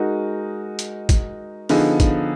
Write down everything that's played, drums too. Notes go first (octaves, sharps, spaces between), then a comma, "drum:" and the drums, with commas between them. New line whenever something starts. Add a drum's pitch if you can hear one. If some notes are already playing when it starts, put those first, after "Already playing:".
Already playing: G#3 D#4 F#4 A#4
drum: hi-hat
drum: kick, hi-hat
D3 F3 B3 D#4 G#4, drum: open hi-hat
drum: kick, hi-hat